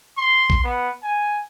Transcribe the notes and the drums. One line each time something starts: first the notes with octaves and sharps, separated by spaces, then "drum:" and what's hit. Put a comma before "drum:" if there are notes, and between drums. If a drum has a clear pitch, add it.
C6
drum: kick
B3
G#5